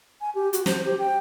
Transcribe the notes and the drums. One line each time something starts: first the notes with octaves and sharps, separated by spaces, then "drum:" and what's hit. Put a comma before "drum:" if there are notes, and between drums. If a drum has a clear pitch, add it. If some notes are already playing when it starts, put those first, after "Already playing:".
G#5
G4
F#4, drum: hi-hat
C5, drum: snare
G4
G5